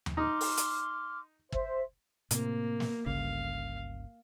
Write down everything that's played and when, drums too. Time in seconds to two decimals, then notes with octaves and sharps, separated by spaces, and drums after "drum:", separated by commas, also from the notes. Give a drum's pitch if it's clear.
0.06 drum: tom D#2
0.17 D#4 C6 D6 F6
0.41 drum: open hi-hat
0.58 drum: hi-hat
1.52 C5 E5, drum: kick
2.31 A2 C3 A#3, drum: hi-hat
2.80 drum: snare
3.06 G1 C#2 C#3 F5